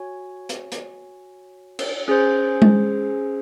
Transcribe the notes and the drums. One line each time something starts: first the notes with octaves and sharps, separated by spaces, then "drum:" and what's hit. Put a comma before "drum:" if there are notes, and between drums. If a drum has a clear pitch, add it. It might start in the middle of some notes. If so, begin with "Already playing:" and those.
Already playing: F#4 C#5 G#5
drum: hi-hat
drum: hi-hat
drum: cymbal
C#4 G#4 C5
drum: tom G#3